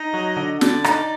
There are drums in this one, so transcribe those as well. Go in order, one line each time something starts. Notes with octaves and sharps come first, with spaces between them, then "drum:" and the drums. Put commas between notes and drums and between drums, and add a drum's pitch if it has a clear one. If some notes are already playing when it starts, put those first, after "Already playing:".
Already playing: D#4 D#5
F#3
D3
D3 D5, drum: snare
D#4, drum: rim click